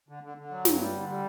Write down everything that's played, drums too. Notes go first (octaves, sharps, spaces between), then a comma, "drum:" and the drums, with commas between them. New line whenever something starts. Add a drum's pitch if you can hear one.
D3
D3
D3
F#3
G2, drum: snare
G3
D3
G3